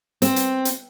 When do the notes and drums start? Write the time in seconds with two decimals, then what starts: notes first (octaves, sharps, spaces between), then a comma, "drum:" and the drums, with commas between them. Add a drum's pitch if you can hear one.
0.22 C4, drum: hi-hat
0.36 drum: hi-hat
0.65 drum: hi-hat